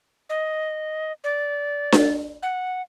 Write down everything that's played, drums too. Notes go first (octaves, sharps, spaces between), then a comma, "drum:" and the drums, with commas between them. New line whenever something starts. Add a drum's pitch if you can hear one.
D#5
D5
drum: snare D4
F#5